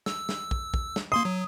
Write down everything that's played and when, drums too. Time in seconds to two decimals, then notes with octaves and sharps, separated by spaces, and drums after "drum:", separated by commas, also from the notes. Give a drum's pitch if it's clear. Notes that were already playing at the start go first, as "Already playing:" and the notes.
0.06 E6, drum: snare
0.29 drum: snare
0.51 drum: kick
0.74 drum: kick
0.96 drum: snare
1.12 A#3 C6 D#6 C7
1.25 F#3